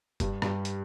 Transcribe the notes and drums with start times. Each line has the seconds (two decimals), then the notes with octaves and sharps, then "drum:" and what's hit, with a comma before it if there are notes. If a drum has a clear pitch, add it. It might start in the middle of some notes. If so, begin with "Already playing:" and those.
0.20 G2 G3, drum: kick F1, hi-hat
0.42 G2 G3, drum: rim click
0.65 drum: hi-hat